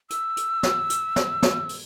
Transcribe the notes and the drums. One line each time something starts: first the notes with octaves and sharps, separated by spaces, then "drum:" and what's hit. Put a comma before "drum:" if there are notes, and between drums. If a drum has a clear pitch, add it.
E6, drum: hi-hat
drum: hi-hat
drum: snare
drum: hi-hat
drum: snare
drum: snare
drum: open hi-hat